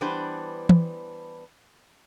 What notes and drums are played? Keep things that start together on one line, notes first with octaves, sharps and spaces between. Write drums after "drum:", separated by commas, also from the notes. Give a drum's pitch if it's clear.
E3 G3 B3 D4 B4 C5
drum: tom E3